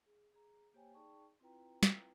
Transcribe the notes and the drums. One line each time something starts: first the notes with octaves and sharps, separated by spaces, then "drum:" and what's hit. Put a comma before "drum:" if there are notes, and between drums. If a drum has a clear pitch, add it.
G#4
G#4 A#5
A#3 G4 C5 C#5 G5 G#5
D#4 G#4 D5 G5 A5 C#6
C4 E4 F4 B4 G5 A#5
drum: snare